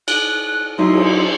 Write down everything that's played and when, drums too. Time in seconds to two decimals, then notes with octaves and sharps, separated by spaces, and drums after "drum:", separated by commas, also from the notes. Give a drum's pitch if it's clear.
0.08 F#6, drum: cymbal
0.78 F#3 D#4 E4 C6
0.93 drum: cymbal